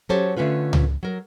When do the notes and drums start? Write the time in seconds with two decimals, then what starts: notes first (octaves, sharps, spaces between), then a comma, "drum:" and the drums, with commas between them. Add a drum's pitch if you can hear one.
0.09 F#3 C#4 G4 A4 C5 C#5
0.37 D3 A3 C#4 F4 B4
0.73 drum: tom C#2
1.03 F#3 A#4